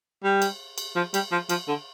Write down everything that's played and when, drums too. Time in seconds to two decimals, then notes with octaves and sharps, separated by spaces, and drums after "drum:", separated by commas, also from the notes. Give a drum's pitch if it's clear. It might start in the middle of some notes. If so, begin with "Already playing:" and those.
0.24 G3
0.42 drum: cymbal
0.78 drum: cymbal
0.96 F3
1.14 G3, drum: cymbal
1.32 F3
1.49 F3, drum: cymbal
1.68 D3